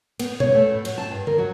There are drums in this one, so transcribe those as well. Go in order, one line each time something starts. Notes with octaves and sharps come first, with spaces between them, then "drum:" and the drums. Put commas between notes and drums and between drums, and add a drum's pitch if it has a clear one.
B3, drum: cymbal
C#5, drum: tom B2
A3
A2
F#3, drum: cymbal
A5
G2
A#4, drum: tom D3
F#3